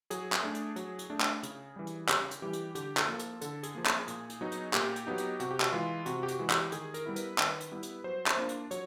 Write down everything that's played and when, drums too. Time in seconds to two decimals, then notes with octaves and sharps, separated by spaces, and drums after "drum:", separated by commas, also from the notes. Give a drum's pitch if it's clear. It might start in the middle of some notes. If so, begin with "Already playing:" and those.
0.10 F#3 G#4, drum: hi-hat
0.32 drum: clap
0.43 A3 D4
0.54 drum: hi-hat
0.76 F#3, drum: hi-hat
0.99 drum: hi-hat
1.10 A3 D4
1.21 drum: clap
1.43 C#3, drum: hi-hat
1.76 E3 G3
1.87 drum: hi-hat
2.09 C#3 G4, drum: clap
2.31 drum: hi-hat
2.42 E3 G3 G4
2.53 drum: hi-hat
2.75 D3 G4, drum: hi-hat
2.97 A4, drum: clap
3.08 F3 A#3
3.19 A4, drum: hi-hat
3.41 D3 A4, drum: hi-hat
3.63 G#4, drum: hi-hat
3.75 F3 A#3
3.86 G#4, drum: clap
4.07 A#2, drum: hi-hat
4.29 drum: hi-hat
4.41 F#3 B3 D#4
4.52 drum: hi-hat
4.73 A#2 G4, drum: clap
4.96 drum: hi-hat
5.07 F#3 B3 D#4
5.18 drum: hi-hat
5.40 C3 F#4, drum: hi-hat
5.51 G4
5.60 F#4, drum: clap
5.73 E3 G#3 F4
6.06 C3 F#4, drum: hi-hat
6.23 G4
6.28 F#4, drum: hi-hat
6.39 E3 G#3
6.50 G4, drum: clap
6.72 D#3 G#4, drum: hi-hat
6.94 A#4, drum: hi-hat
7.06 G3 B3 E4
7.16 B4, drum: hi-hat
7.38 D#3, drum: clap
7.60 drum: hi-hat
7.72 G3 B3 E4
7.82 drum: hi-hat
8.04 F#3 C5
8.27 drum: clap
8.37 A#3 D4 F4
8.49 drum: hi-hat
8.71 F#3 C#5, drum: hi-hat